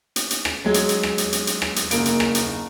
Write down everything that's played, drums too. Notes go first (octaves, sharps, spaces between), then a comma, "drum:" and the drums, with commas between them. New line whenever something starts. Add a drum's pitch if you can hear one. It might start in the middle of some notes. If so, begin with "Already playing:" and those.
drum: hi-hat
drum: hi-hat
drum: rim click
F#3 G#3
drum: hi-hat
drum: hi-hat
drum: rim click
drum: hi-hat
drum: hi-hat
drum: hi-hat
drum: rim click
drum: hi-hat
F#1 A#3 D7, drum: hi-hat
drum: hi-hat
drum: rim click
drum: hi-hat